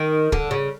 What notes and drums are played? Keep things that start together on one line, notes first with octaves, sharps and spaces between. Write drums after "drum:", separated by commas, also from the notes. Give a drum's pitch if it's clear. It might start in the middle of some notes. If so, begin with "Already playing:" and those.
Already playing: D#3
D3, drum: kick
C#3